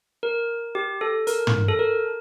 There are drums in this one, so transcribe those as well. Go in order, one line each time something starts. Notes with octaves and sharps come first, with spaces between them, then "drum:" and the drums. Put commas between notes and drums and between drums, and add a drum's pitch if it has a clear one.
A#4
G4
A4
A#4, drum: hi-hat
drum: tom
A4
A#4